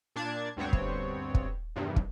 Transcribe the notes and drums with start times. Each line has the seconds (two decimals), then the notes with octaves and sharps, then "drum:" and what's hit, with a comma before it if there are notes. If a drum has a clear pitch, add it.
0.16 A#2 D4 A5 G#6
0.57 D2 G2 B3 C4 C#5
0.73 drum: kick
1.35 drum: kick
1.76 E2 G2 C3 D#3
1.96 drum: kick